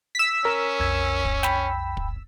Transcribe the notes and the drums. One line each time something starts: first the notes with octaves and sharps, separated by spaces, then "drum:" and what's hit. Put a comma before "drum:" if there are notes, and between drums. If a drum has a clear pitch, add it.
E6 B6
C#4 A#4
B1 F2 G#6
drum: kick
G5 B5, drum: snare
drum: kick